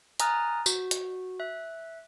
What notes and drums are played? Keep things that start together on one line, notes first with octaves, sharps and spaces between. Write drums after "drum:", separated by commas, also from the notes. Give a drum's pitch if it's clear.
G#5 A#5 D#6 F6 F#6 A6, drum: hi-hat
F#4, drum: tambourine
drum: hi-hat
E5 F#6